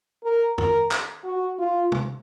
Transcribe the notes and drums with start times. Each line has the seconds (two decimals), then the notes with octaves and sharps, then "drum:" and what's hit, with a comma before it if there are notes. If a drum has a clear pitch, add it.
0.24 A#4
0.58 A#4, drum: tom F2
0.91 drum: clap
1.24 F#4
1.59 F4
1.92 drum: tom